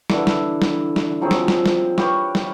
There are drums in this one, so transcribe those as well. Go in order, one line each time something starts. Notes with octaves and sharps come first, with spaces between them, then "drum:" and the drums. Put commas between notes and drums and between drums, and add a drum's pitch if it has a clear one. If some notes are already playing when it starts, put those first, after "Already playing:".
D3 E3 E5 D6, drum: snare
drum: snare
drum: snare
drum: snare
F3 F#3 C4 G#4
drum: snare
drum: snare
drum: snare
G4 B4 C#5 F5, drum: snare
drum: snare